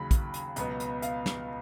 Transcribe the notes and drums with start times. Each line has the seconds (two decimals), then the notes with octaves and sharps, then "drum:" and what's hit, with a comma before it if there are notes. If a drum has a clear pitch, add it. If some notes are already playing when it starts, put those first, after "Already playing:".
Already playing: D#2 C#3 F#3 B5
0.11 drum: kick, hi-hat
0.34 drum: hi-hat
0.56 C#2 B2 F#3 B3, drum: hi-hat
0.80 drum: hi-hat
1.02 F5, drum: hi-hat
1.26 drum: snare